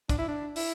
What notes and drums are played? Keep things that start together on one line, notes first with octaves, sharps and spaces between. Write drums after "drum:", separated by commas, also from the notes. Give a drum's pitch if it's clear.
D4, drum: kick, hi-hat
E4
D4
E4, drum: open hi-hat